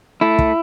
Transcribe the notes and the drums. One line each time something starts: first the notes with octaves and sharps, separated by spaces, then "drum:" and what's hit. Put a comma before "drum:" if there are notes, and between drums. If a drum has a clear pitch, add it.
A3 E4
drum: kick